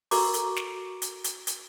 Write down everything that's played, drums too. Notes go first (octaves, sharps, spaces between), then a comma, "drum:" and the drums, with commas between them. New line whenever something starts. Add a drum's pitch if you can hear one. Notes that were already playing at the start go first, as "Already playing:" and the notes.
F#4 A4 A#4 A#5 C#6 D6, drum: open hi-hat
drum: hi-hat
drum: snare
drum: hi-hat
drum: hi-hat
drum: hi-hat